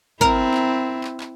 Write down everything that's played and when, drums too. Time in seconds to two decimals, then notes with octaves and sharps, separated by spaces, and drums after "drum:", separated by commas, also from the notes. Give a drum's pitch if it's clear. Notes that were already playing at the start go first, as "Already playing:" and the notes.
0.21 C4 E4 A#4, drum: kick
0.54 drum: clap
1.04 drum: clap
1.20 drum: clap